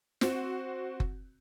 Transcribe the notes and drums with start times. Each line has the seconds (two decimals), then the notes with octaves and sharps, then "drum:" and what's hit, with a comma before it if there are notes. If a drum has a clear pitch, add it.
0.21 C4 F#4, drum: snare
1.00 drum: kick F#1